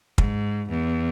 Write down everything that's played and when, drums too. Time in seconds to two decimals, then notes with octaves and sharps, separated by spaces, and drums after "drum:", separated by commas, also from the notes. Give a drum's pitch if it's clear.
0.18 G#2, drum: kick
0.69 E2